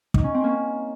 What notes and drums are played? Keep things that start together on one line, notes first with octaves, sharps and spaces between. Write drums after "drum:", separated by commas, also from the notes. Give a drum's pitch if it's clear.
D#4, drum: kick
C#4
C4
A#3 C#4